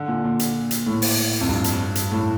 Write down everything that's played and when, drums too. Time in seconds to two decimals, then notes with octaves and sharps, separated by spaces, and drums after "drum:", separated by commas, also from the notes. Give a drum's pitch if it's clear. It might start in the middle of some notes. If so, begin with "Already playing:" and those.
Already playing: D3
0.08 A#2
0.24 A#2
0.39 drum: hi-hat
0.71 drum: hi-hat
0.87 A2
1.02 drum: open hi-hat
1.41 F2
1.49 G2
1.64 drum: hi-hat
1.95 drum: hi-hat
2.12 A2